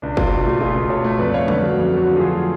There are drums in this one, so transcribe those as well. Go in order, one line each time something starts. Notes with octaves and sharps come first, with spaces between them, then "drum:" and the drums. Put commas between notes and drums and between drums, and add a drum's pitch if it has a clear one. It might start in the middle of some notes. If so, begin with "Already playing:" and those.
C#2 D4
C#2 F4, drum: kick
B2 D4
A3 F4
C#2 F4 G#4
C#2
B2 A4 C#5
A3
F2 B4 D5
A3 C#5 F5
D3 B4 D5, drum: tom F3
F#3
F2
A3 F#4 A4
D3
F#3 F4 G#4